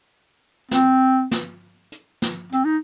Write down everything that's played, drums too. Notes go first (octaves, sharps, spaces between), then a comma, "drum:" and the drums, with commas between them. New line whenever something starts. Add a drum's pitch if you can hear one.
C4, drum: snare
drum: snare
drum: hi-hat
drum: snare
C4, drum: hi-hat
D#4